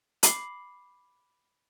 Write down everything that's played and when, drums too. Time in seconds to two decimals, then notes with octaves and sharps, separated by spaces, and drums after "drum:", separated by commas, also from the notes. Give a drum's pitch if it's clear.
0.23 B5 D6 C7, drum: hi-hat